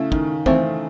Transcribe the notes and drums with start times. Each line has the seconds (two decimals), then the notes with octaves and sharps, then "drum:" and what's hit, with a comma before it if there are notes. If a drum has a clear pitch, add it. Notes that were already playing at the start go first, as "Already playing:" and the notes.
Already playing: C#3 A3 E4
0.12 D#3, drum: kick
0.46 E3 A3 C4, drum: kick